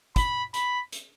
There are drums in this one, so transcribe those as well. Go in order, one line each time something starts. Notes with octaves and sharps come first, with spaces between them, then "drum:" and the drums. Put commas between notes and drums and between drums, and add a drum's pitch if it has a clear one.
B5, drum: kick, hi-hat
B5, drum: hi-hat
drum: hi-hat